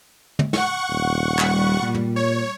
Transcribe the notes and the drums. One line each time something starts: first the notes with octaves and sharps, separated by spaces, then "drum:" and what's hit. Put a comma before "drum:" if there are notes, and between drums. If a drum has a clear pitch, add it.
drum: tom
F#5 C#6, drum: snare
D#1
G3, drum: clap
A#2
drum: tom
C#5